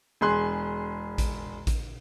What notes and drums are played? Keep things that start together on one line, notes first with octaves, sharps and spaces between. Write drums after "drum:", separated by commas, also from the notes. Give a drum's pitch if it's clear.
E1 G#4 C6 F#6
drum: kick A1, hi-hat
drum: kick A1, hi-hat